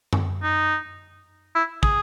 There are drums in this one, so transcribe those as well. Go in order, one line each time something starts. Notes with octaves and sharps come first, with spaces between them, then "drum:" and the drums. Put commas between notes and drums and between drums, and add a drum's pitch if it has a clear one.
drum: tom F#2
D#4
E4
G#4, drum: kick